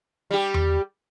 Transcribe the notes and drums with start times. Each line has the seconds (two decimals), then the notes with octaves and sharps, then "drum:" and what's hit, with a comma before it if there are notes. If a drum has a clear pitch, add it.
0.31 G3 G4
0.54 drum: tom E2